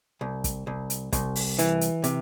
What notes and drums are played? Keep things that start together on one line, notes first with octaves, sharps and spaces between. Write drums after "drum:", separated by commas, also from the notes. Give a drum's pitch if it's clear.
C2
drum: kick, hi-hat
C2
drum: hi-hat
C2, drum: kick, hi-hat
drum: open hi-hat
E3, drum: hi-hat
drum: hi-hat
C3, drum: hi-hat